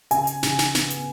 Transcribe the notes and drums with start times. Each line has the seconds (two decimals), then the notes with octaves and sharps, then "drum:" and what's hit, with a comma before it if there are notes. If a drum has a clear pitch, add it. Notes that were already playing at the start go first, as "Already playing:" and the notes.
0.11 C#3 G#5, drum: hi-hat
0.27 drum: hi-hat
0.43 C#3, drum: snare
0.59 drum: snare
0.75 B3, drum: snare
0.90 drum: hi-hat